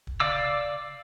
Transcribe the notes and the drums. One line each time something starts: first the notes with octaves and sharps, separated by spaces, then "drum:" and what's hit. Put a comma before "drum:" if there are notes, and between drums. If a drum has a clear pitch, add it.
drum: kick
D5 F5 D6 E6, drum: tom C#3